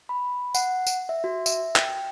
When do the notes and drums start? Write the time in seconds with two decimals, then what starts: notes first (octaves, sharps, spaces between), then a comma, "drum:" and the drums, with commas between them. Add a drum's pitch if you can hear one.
0.09 B5
0.55 F#5, drum: tambourine
0.87 drum: tambourine
1.09 E5
1.24 F#4
1.46 E5, drum: tambourine
1.76 G5, drum: clap